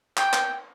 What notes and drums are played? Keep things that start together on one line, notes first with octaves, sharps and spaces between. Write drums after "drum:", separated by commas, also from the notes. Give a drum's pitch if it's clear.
G5, drum: clap
drum: clap